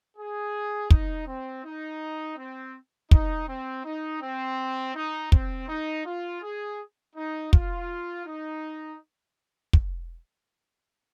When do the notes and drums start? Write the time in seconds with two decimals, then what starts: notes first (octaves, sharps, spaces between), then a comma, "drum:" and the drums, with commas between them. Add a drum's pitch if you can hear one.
0.17 G#4
0.90 D#4, drum: kick
1.27 C4
1.64 D#4
2.38 C4
3.11 D#4, drum: kick
3.48 C4
3.85 D#4
4.22 C4
4.95 D#4
5.32 C4, drum: kick
5.68 D#4
6.05 F4
6.42 G#4
7.16 D#4
7.53 F4, drum: kick
8.26 D#4
9.73 drum: kick